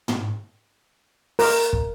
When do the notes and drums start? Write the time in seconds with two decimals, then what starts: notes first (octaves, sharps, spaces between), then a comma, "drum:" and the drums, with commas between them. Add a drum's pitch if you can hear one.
0.08 drum: tom
1.39 A#4, drum: open hi-hat
1.73 drum: kick